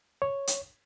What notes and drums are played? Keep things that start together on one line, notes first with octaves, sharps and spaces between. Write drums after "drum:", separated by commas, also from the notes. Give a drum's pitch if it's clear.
C#5
drum: hi-hat